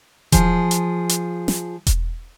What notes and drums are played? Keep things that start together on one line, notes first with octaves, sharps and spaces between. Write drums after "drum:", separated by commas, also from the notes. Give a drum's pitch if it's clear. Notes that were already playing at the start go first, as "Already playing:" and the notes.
F3 G#4, drum: kick E1, hi-hat
drum: hi-hat
drum: hi-hat
drum: snare
drum: kick E1, hi-hat